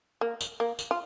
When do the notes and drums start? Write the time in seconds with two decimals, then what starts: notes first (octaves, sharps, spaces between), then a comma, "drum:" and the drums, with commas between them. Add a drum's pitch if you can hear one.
0.21 A#3
0.41 drum: tambourine
0.60 A#3
0.79 drum: tambourine
0.91 F4